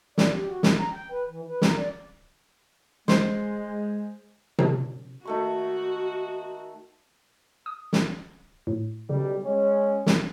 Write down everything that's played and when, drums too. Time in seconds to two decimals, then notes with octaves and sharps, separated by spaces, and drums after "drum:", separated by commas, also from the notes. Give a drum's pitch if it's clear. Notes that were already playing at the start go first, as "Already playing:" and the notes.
0.18 D5, drum: snare
0.32 G4
0.47 F#4
0.63 G#3, drum: snare
0.79 A#5
0.92 G5
1.11 B4
1.29 E3
1.49 B4
1.62 A#4, drum: snare
1.77 D5
3.08 G#3 C5, drum: snare
4.59 drum: tom C3
5.25 D#3 A3 F#4 C#6
7.66 D#6
7.93 drum: snare
8.67 A2
9.09 B1 C#3 G3
9.43 G#3 C#4
10.06 drum: snare